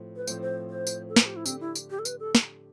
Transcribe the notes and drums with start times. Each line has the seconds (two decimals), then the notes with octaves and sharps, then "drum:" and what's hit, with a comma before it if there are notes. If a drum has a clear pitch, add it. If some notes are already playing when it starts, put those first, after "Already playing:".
Already playing: A2 F3 C4 A4
0.16 B4
0.27 A2 F3 C4 C5, drum: tambourine
0.42 C5
0.70 C5
0.87 drum: tambourine
1.09 A4
1.16 B4, drum: snare
1.26 G4
1.36 E4
1.46 D3 A3 C4 D4 G4, drum: tambourine
1.60 E4
1.75 drum: tambourine
1.90 G4
1.99 A4
2.05 B4, drum: tambourine
2.20 A4
2.35 drum: snare